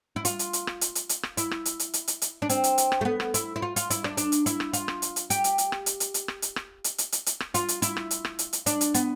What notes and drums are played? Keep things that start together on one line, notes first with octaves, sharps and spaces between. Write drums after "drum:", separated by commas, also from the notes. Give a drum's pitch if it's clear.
E4
F4, drum: hi-hat
drum: hi-hat
drum: hi-hat
drum: rim click
drum: hi-hat
drum: hi-hat
drum: hi-hat
drum: rim click
E4, drum: hi-hat
drum: rim click
drum: hi-hat
drum: hi-hat
drum: hi-hat
drum: hi-hat
drum: hi-hat
D4
C4, drum: hi-hat
drum: hi-hat
drum: hi-hat
drum: rim click
A3
B3
drum: rim click
E4, drum: hi-hat
E4
F4
F4, drum: hi-hat
E4, drum: hi-hat
D4, drum: rim click
D4, drum: hi-hat
drum: hi-hat
E4, drum: hi-hat
drum: rim click
F4, drum: hi-hat
drum: rim click
drum: hi-hat
drum: hi-hat
G4, drum: hi-hat
drum: hi-hat
drum: hi-hat
drum: rim click
drum: hi-hat
drum: hi-hat
drum: hi-hat
drum: rim click
drum: hi-hat
drum: rim click
drum: hi-hat
drum: hi-hat
drum: hi-hat
drum: hi-hat
drum: rim click
F4, drum: hi-hat
drum: hi-hat
E4, drum: hi-hat
drum: rim click
drum: hi-hat
drum: rim click
drum: hi-hat
drum: hi-hat
D4, drum: hi-hat
drum: hi-hat
B3, drum: hi-hat